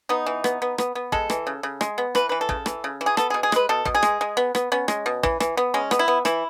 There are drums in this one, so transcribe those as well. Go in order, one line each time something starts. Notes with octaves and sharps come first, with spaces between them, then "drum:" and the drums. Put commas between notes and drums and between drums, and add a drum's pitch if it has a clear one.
B3 D#4
E3
B3, drum: rim click
B3
B3, drum: rim click
B3
G#3 A4, drum: kick
E3, drum: rim click
C#3
C#3
G#3, drum: rim click
B3
E3 B4, drum: rim click
E3 B4
A4
C#3, drum: kick
E3, drum: rim click
C#3
E3
G#4
B3 A4, drum: rim click
B2 G#4
G#4
G#3 B4, drum: rim click
B2 A4
B2, drum: kick
G#4
G#3, drum: rim click
G#3
B3
B3, drum: rim click
B3 C#4
G#3, drum: rim click
B2
E3, drum: kick
E3, drum: rim click
B3
G#3 C#4
B3, drum: rim click
E4
B3
E3 E4, drum: rim click